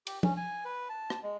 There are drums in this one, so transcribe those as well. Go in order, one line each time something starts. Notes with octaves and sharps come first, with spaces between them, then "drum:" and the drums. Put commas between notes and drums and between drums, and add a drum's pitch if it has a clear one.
G4, drum: cymbal
C#4, drum: tom F3
G#5
B4
A5
drum: rim click
G#3